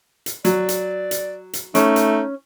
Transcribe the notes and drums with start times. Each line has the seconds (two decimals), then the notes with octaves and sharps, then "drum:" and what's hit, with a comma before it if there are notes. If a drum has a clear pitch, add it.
0.26 drum: hi-hat
0.45 F#3 D5, drum: hi-hat
0.69 drum: hi-hat
1.11 drum: hi-hat
1.53 drum: hi-hat
1.75 A3 C#4 D#4, drum: hi-hat
1.96 drum: hi-hat